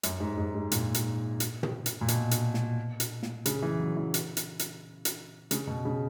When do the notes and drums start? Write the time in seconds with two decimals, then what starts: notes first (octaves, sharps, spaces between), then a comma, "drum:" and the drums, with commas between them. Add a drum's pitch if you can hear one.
0.03 F#2, drum: hi-hat
0.20 G#2
0.37 G#2
0.55 G#2
0.72 A#2, drum: hi-hat
0.94 drum: hi-hat
1.40 drum: hi-hat
1.63 drum: tom
1.86 drum: hi-hat
2.01 A#2
2.08 B2, drum: hi-hat
2.31 drum: hi-hat
2.54 drum: snare
3.00 drum: hi-hat
3.23 drum: snare
3.46 C#3, drum: hi-hat
3.62 E3
3.79 F#3
3.97 E3
4.14 drum: hi-hat
4.37 drum: hi-hat
4.59 drum: hi-hat
5.05 drum: hi-hat
5.51 C#3, drum: hi-hat
5.67 B2
5.85 C#3